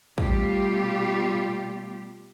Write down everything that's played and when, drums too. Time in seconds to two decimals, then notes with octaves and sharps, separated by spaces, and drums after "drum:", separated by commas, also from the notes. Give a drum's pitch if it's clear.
0.18 B2 G3 A3 F4 G4, drum: kick